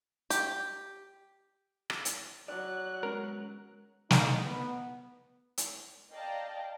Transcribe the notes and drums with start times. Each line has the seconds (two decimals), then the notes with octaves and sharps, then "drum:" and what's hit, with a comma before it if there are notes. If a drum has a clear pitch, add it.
0.30 G4, drum: hi-hat
1.90 drum: rim click
2.05 drum: hi-hat
2.48 F#3 D5 F#6
3.03 G#3 B3 C#4 A#4
4.11 D#4, drum: snare
4.46 B3
5.58 drum: hi-hat
6.11 D5 D#5 F5 G5 A5 A#5